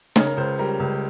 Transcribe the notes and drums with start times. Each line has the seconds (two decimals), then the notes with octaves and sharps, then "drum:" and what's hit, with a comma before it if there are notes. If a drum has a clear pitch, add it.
0.16 C#3 C#4, drum: snare
0.26 A#4
0.37 C#2 C5
0.59 G3 A#4
0.79 C#2